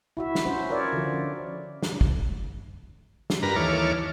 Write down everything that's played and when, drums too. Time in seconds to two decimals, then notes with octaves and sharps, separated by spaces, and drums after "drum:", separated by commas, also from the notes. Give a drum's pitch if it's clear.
0.17 E4 F#4 E5
0.35 drum: snare
0.46 C#4 F#4 C5
0.70 F4 A#4 C#5 D5 E5
0.93 D3 F3
1.13 C#4
1.82 drum: snare
2.01 drum: kick
3.30 drum: snare
3.43 G2 A#4 B4 A#5
3.56 D#2 E3 A4 C#5 D6 F6